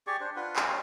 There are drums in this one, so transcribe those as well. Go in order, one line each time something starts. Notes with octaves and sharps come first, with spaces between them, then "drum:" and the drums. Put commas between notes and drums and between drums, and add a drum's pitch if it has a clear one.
G4 G#4 D5 C#6
D4 C5
D4 F4 B4 F#5
G3 C#4 F5 D#6, drum: clap